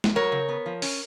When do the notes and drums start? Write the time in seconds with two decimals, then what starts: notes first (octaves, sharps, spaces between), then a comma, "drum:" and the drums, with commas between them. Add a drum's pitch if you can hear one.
0.04 drum: snare
0.15 F#3 A#4 C#5
0.32 C#3
0.49 B3
0.66 F3
0.82 C#4, drum: open hi-hat